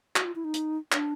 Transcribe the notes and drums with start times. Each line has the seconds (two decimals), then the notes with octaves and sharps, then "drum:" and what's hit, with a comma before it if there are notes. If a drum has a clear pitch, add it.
0.16 F#4, drum: clap
0.25 F4
0.36 E4
0.44 D#4
0.54 drum: hi-hat
0.92 D4, drum: clap